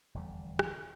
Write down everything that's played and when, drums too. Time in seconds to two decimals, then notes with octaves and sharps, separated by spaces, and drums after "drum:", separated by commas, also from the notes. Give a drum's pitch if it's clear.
0.14 F1 E2 D3 G3
0.59 drum: rim click